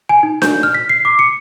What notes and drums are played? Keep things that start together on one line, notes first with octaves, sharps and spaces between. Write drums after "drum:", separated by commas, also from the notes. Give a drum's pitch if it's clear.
G#5
D#4
G6, drum: snare D4
F6
B6
C7
D6
C#7